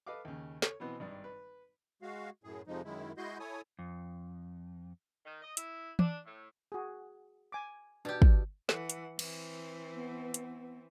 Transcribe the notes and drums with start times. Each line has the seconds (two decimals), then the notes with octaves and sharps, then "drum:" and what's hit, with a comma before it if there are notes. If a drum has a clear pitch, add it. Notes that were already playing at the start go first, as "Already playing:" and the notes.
0.07 A4 B4 D#5 F5 D6
0.25 D#2 C#3
0.62 C#5, drum: snare
0.80 B2 E3 B3 C4
1.00 G#1 G2 D5
1.24 B4
2.02 G#3 F#4 F5
2.44 F#2 A2 G#4
2.67 F2 C3 F3 G#3 D#4
2.85 F#2 D#3 G#3 E4
3.17 G#3 E4 F#4 D#5 C6 G6
3.39 E4 A4 C#5 G#5 D#6
3.79 F2
5.25 D#3
5.42 D#5
5.57 E4, drum: hi-hat
5.99 D4, drum: tom E3
6.24 A2
6.72 F#4 G#4
7.52 G#5 D6
8.05 B2 D4 G4
8.22 drum: kick
8.69 E3 F#5, drum: snare
8.90 drum: hi-hat
9.19 E3 C4, drum: cymbal
9.94 B3
10.34 drum: hi-hat